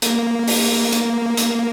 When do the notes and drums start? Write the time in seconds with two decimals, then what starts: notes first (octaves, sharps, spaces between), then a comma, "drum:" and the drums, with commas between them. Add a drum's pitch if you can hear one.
0.02 A#3, drum: hi-hat
0.48 drum: open hi-hat
0.93 drum: hi-hat
1.37 drum: hi-hat